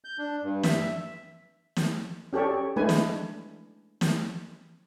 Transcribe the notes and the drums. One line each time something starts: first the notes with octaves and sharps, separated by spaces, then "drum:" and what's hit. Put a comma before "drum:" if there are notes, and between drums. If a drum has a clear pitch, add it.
G6
D4
G2
E5, drum: snare
drum: snare
C#4 G4 A4 C#5 D5
G#3 A3 D4 B4 G#5
drum: snare
drum: snare